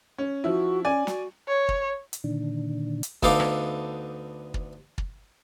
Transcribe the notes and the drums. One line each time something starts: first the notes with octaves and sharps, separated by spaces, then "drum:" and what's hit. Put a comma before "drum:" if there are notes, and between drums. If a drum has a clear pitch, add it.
C#4
F3 E4 F#4
C#4 D5 G#5
F#4, drum: snare
C#5
drum: kick
drum: hi-hat
A#2 D3 D#3 D4
drum: hi-hat
D2 B3 D#4 A4 F5 D6, drum: kick
drum: rim click
drum: kick
drum: kick